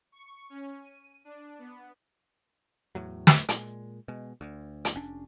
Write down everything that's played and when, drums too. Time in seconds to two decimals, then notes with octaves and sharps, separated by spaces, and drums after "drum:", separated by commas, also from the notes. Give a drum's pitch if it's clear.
0.12 C#6
0.50 C#4
0.81 D#7
1.25 D4
1.59 B3
2.95 E2 A2 F#3
3.27 drum: snare
3.49 A#2 G#3, drum: hi-hat
4.08 B2 G#3
4.41 D2
4.85 drum: hi-hat
4.95 F1 C#4 D4